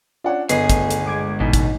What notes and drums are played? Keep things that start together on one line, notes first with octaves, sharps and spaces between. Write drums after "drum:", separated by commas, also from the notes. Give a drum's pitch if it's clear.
C#4 D4 F4 F#5
G1 B3 G#4 D#5 C7, drum: hi-hat
A3, drum: kick, hi-hat
drum: hi-hat
G#3 D6 G#6
A1 B2 D#4 G#5
drum: kick, hi-hat